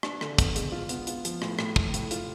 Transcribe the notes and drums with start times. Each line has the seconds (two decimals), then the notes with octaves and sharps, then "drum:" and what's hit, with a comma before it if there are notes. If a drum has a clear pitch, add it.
0.03 D4, drum: rim click
0.21 D3, drum: rim click
0.38 B3, drum: kick, hi-hat
0.56 G#3, drum: hi-hat
0.72 F4
0.89 B3, drum: hi-hat
1.07 F4, drum: hi-hat
1.25 F3, drum: hi-hat
1.42 A2, drum: rim click
1.59 A2, drum: rim click
1.76 A2, drum: kick
1.94 A2, drum: hi-hat
2.11 F4, drum: hi-hat